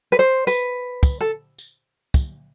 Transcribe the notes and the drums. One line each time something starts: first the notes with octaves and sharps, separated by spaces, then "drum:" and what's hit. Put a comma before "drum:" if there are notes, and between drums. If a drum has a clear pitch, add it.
B4
C5
B4, drum: tambourine
drum: kick, tambourine
A4
drum: tambourine
drum: kick, tambourine